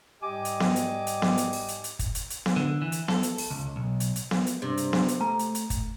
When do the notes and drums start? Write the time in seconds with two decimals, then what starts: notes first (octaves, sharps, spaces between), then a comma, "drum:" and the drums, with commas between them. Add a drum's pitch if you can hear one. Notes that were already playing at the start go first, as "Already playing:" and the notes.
0.22 G#2 G3 G4 D#5 G#5 D6
0.45 drum: hi-hat
0.60 drum: snare B3
0.76 drum: hi-hat
1.07 drum: hi-hat
1.22 drum: snare B3
1.38 drum: hi-hat
1.53 drum: open hi-hat
1.68 drum: hi-hat
1.84 drum: hi-hat
1.99 drum: kick, hi-hat
2.15 drum: hi-hat
2.30 drum: hi-hat
2.46 drum: snare B3
2.56 D3
2.82 E3
2.92 drum: hi-hat
3.08 A4, drum: snare B3
3.23 drum: hi-hat
3.38 drum: open hi-hat
3.50 C#2
3.76 B1
4.00 drum: hi-hat
4.16 drum: hi-hat
4.31 drum: snare B3
4.47 drum: hi-hat
4.62 G2 C3
4.77 drum: hi-hat
4.93 drum: snare B3
5.08 drum: hi-hat
5.21 A3 A#5
5.39 drum: hi-hat
5.55 drum: hi-hat
5.70 drum: kick, hi-hat